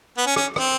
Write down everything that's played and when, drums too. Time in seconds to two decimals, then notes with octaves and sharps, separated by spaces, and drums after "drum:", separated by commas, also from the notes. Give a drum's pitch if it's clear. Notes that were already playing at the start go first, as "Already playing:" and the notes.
0.17 B3
0.26 C#4
0.36 C#4, drum: rim click
0.56 C4, drum: rim click